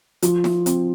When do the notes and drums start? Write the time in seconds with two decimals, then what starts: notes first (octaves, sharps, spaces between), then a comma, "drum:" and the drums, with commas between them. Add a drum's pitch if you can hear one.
0.22 F3, drum: hi-hat
0.44 drum: snare
0.66 C4, drum: hi-hat